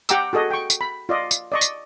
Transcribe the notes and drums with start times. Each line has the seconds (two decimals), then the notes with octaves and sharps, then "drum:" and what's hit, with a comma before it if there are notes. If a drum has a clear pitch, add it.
0.09 G4 F#5 G5 A#5 D6 E6, drum: tambourine
0.33 F#4 G#4 A4 D#5
0.50 G5 C#6
0.70 drum: tambourine
0.81 B5
1.09 F4 D5 D#5
1.31 drum: tambourine
1.52 D5 D#5 C#6
1.61 drum: tambourine